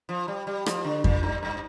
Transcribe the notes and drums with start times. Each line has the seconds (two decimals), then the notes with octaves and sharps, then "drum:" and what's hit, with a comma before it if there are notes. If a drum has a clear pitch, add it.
0.09 F3
0.28 G3
0.47 G3
0.66 F3, drum: rim click
0.85 D3
1.04 A#2, drum: kick F2
1.23 G2
1.43 G2